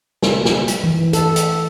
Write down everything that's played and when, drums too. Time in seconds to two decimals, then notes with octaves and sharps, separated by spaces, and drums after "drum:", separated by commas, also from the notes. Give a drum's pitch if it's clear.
0.22 drum: snare
0.45 drum: snare
0.68 drum: hi-hat
0.84 E3
1.13 A4, drum: hi-hat
1.36 drum: hi-hat